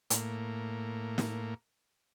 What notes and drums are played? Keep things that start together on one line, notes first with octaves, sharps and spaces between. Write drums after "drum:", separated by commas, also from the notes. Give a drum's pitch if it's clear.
A2 A#3, drum: hi-hat
drum: snare